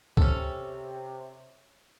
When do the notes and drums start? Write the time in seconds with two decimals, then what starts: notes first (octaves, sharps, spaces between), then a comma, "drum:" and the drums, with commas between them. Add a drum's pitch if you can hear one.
0.17 C3 C#4 A4, drum: kick C#2